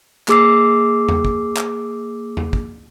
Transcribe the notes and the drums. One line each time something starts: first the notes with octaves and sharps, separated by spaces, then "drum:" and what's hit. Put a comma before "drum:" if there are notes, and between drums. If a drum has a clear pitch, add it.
A#3 G#4 D6 E6 C7, drum: clap
drum: tom E2
drum: kick
drum: clap
drum: tom E2
drum: kick